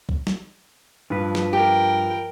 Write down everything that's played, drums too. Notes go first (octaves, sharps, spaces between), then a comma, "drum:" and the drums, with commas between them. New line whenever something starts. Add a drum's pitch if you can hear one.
drum: kick
drum: snare
G2 F3 B4
drum: snare
G4 A#4 G5